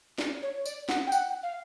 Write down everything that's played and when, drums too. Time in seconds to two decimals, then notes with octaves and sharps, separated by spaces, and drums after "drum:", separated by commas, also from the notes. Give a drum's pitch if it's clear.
0.18 D5, drum: snare
0.42 C#5
0.66 D5, drum: tambourine
0.89 F#5, drum: snare
1.07 G5
1.12 F#5, drum: tambourine
1.43 F5